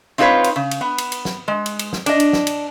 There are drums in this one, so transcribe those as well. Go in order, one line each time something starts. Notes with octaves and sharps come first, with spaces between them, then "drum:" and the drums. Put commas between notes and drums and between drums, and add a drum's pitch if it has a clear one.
C4 D#4 F4 A4 B4 C#5
drum: cymbal
C#3
drum: cymbal
B3
drum: cymbal
drum: cymbal
drum: snare
G#3
drum: cymbal
drum: cymbal
drum: snare
D4 D#5, drum: cymbal
drum: cymbal
drum: snare
drum: cymbal